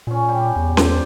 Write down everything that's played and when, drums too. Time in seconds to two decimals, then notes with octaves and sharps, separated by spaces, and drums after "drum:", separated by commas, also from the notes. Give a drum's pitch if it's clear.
0.07 A#2 C#4 G#5
0.29 G3 G4
0.56 E2
0.77 C5 D5 A5, drum: snare C#4